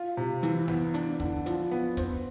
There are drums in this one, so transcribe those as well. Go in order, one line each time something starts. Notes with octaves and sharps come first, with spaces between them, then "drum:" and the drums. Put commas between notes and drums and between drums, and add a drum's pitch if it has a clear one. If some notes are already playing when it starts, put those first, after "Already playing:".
Already playing: F4
C3
E3, drum: hi-hat
B3, drum: snare
D4, drum: hi-hat
D3, drum: kick
F3, drum: hi-hat
B3
C4, drum: kick, hi-hat